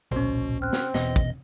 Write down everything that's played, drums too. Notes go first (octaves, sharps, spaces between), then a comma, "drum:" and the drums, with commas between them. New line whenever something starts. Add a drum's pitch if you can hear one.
D1 A#1 B2 C#4 C5
C4 F6 F#6
drum: snare
E1 E2 B2 D#5, drum: snare
drum: kick